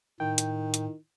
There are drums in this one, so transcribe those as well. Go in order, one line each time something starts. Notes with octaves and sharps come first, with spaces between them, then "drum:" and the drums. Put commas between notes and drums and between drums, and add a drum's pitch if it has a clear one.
A2 D#3 G5
drum: hi-hat
drum: hi-hat